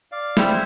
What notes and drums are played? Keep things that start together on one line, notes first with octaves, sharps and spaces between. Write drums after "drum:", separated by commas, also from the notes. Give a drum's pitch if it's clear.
D5 F5
G3 C4 E4 C5 E5, drum: snare